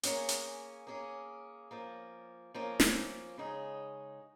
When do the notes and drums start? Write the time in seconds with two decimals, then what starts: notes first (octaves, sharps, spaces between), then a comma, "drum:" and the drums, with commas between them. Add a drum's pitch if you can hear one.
0.03 A#3 C#4 G#4, drum: hi-hat
0.29 drum: hi-hat
0.87 A#3 C#4 G#4
1.71 F3 A#3 C#4
2.54 F3 A#3 C#4
2.80 drum: snare
3.38 C#3 G#3 D#4 G#4 C#5